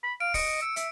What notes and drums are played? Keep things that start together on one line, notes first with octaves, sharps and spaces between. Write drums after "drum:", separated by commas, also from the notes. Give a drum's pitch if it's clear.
B5
F5 D7
D#5 C#7, drum: kick, open hi-hat
E6
E5, drum: hi-hat